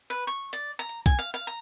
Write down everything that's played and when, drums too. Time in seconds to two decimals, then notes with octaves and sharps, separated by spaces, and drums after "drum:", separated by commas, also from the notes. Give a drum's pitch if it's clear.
0.10 B4
0.27 C#6
0.53 D5, drum: hi-hat
0.79 A#5
0.89 drum: hi-hat
1.06 G#5, drum: kick B1, hi-hat
1.19 F5
1.34 F5
1.47 A#5